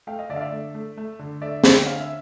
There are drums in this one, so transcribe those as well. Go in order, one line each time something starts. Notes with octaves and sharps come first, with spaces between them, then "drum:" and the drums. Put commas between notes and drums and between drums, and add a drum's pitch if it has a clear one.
A3 F5 G5
D#5 F5
D3 D5 E5
F5
D5 E5
A3
A3
A3
D3
A3 D5 E5
D3, drum: snare
C#4 F5
E5